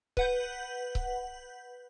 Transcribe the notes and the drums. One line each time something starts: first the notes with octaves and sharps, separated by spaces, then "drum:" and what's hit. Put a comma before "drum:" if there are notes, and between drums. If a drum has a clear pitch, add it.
B4 F#5 G6, drum: kick C#1
drum: kick C#1